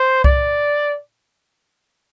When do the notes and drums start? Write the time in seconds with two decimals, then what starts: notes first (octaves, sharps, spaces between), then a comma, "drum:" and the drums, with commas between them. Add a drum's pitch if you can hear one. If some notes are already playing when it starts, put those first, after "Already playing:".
Already playing: C5
0.24 D5, drum: kick C2